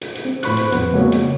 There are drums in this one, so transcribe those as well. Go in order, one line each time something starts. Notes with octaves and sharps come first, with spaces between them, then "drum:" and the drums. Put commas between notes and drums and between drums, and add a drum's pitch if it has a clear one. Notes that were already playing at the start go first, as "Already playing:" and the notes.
drum: hi-hat
drum: hi-hat
C4
A2 C5 B5 C#6 F#6, drum: hi-hat
drum: hi-hat
F2 B3, drum: hi-hat
C#3 G#3 A#3 C4 F#4 C#5
drum: hi-hat